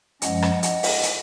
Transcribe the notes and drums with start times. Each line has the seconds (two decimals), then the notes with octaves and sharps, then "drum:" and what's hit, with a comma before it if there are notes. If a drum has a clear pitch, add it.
0.22 F#2 F3 G#3 C#4 D#5 F#5, drum: hi-hat
0.42 drum: rim click
0.63 D#5 F#5, drum: hi-hat
0.83 drum: open hi-hat
1.03 drum: hi-hat